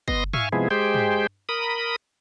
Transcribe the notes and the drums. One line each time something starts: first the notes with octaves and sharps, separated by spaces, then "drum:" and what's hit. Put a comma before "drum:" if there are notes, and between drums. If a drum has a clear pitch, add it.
B3 D#5 C6 A#6, drum: kick
E5 F5 G#5 C#6, drum: tom
C3 F3 G#3 B3 E4 G#4
G#3 G4 G#4 C5 G5
drum: tom
A#4 B5 D#6